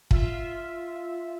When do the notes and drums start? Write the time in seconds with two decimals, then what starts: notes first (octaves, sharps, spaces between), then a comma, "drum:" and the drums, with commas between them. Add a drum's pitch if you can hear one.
0.11 F4 E5, drum: kick